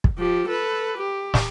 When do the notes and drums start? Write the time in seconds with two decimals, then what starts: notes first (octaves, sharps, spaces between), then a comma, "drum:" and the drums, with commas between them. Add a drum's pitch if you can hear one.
0.04 drum: kick
0.18 F3 G4
0.47 A4 B4
0.97 G4
1.34 drum: snare